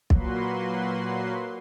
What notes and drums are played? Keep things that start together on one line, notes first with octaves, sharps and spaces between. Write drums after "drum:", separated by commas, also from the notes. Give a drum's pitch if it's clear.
A#2 F#3 A#3 F#4 B4 C6, drum: kick